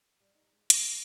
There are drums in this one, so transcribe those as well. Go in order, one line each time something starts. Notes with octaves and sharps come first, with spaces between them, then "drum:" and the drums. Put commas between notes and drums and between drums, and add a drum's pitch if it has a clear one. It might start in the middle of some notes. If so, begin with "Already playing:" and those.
G3
D#4
G#3
G#2, drum: hi-hat
A#2